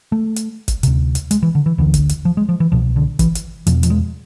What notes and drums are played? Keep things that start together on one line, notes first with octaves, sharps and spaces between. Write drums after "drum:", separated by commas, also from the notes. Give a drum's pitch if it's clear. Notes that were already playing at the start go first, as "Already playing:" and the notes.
A3
drum: hi-hat
drum: kick G1, hi-hat
D2 C3, drum: hi-hat
drum: hi-hat
G#3, drum: hi-hat
E3
D3
E3
D2 D3 E3
drum: kick G1, hi-hat
drum: hi-hat
F3
G#3
F3
E3
C2 B2 F3
D3
E3, drum: kick G1, hi-hat
drum: hi-hat
E2 B2 F3, drum: hi-hat
F3, drum: hi-hat
G#3